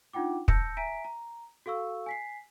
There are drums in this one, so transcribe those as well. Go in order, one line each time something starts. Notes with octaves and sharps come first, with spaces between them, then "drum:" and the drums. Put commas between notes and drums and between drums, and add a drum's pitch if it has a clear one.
D4 D#4 F4 F#5 G5 D6
A5 E6 G6 A#6 C#7, drum: kick
E5 G#5 A#5 B6 D7
A#5
F#4 A4 F5 C#6 E6
G#5 B6 C7